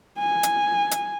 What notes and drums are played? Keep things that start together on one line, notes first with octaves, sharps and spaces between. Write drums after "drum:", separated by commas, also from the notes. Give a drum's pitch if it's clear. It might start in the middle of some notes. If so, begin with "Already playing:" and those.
G#5
drum: hi-hat
drum: hi-hat